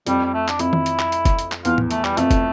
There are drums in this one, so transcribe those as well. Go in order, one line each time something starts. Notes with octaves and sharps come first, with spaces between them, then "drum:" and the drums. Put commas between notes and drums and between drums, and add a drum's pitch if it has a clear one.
F2 G3, drum: hi-hat
G3
A3
D4, drum: clap
F2 E4, drum: hi-hat
drum: tom D#3
drum: hi-hat
drum: clap
drum: hi-hat
drum: kick, hi-hat
drum: hi-hat
drum: clap
E2 F4, drum: hi-hat
drum: tom
A3, drum: hi-hat
G3, drum: clap
F2 A3, drum: hi-hat
drum: kick, hi-hat